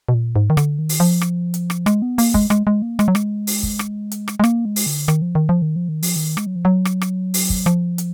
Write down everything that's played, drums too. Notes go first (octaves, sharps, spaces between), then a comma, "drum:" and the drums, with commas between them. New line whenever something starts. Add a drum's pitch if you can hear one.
B2
A#2
G#2
D#3
D3, drum: rim click
D#3
drum: open hi-hat
F3
drum: rim click
drum: hi-hat
drum: rim click
G#3, drum: rim click
B3
A#3, drum: open hi-hat
G#3, drum: kick
G#3, drum: rim click
G#3
A#3
G#3, drum: rim click
F#3
G#3, drum: rim click
drum: open hi-hat
drum: kick
drum: rim click
drum: hi-hat
drum: rim click
G#3
A#3, drum: rim click
G#3
drum: open hi-hat
D3
D#3, drum: rim click
F3
D#3
F3
D#3
F3
D#3
F3, drum: open hi-hat
D#3
G#3, drum: rim click
F#3
F3
F#3
drum: rim click
drum: rim click
drum: open hi-hat
drum: kick
F3, drum: rim click
drum: hi-hat